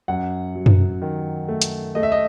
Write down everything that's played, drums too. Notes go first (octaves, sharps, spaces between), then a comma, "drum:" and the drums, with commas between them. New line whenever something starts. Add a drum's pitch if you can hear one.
F#2 F#5
F#3
drum: tom F#2
D#3
A3
drum: hi-hat
A3 D#5
E5
D#5